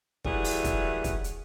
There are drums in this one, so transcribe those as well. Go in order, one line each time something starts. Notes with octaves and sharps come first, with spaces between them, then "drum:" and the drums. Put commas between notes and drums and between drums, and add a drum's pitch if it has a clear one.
E3 F#3 G3 A3 E4 G#4, drum: kick
drum: open hi-hat
drum: kick, hi-hat
drum: kick, hi-hat
drum: hi-hat